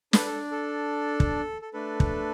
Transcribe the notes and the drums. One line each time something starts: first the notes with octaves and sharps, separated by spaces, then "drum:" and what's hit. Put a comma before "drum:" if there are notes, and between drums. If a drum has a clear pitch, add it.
D4 A4 B4, drum: snare
A4
A4
drum: kick
A4
A3 D4 A4 B4
drum: kick